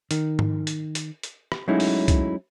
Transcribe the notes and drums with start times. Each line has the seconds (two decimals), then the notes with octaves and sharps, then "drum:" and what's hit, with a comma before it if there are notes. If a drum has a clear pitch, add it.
0.11 D#3, drum: hi-hat
0.39 drum: tom G#2
0.67 drum: hi-hat
0.95 drum: hi-hat
1.23 drum: hi-hat
1.52 drum: rim click
1.68 F#3 G#3 A3 C#4 D#4 E4
1.80 drum: open hi-hat
2.08 drum: kick, hi-hat